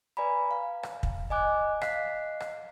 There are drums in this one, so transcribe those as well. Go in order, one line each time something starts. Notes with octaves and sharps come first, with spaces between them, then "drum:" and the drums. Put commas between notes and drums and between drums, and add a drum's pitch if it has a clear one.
B4 D5 G#5 A#5 B5
F5
drum: rim click
drum: kick
D#5 G#5 D6 F#6
D#5 F5 F#6 B6 C7, drum: rim click
drum: rim click